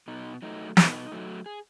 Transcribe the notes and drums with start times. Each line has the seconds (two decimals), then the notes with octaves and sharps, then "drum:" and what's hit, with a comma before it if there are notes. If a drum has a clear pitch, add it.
0.08 B2 D#4
0.42 F#3 A3 D#4
0.77 B2 D#4, drum: snare
1.12 F#3 A3
1.46 G#4